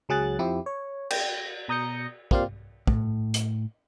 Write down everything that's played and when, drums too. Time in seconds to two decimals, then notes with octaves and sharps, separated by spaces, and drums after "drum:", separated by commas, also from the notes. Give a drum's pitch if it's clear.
0.09 C#2 F#3 G#4 F#6 A6
0.39 F2 F3 E4 G4
0.66 C#5
1.10 G5 A#6, drum: cymbal
1.68 B2 A#5 D#6 G6 A#6 C#7
2.31 A#3 C4 F4 G4 D5 F5, drum: kick
2.87 A2, drum: kick
3.34 drum: hi-hat